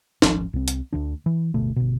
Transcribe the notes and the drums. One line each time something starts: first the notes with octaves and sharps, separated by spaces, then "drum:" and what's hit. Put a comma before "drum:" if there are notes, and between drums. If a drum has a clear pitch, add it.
D#1 G#1 F3 C#4, drum: snare
C2 C4
drum: hi-hat
D2 D3 D4
E3
D1 G1 B2 A3
G1 B2